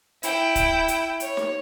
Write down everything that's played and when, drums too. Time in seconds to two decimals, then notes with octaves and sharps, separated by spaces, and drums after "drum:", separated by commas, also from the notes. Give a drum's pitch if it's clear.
0.23 E4 G5, drum: hi-hat
0.56 drum: kick C#1, hi-hat
0.88 drum: hi-hat
1.20 C#5, drum: hi-hat
1.37 drum: snare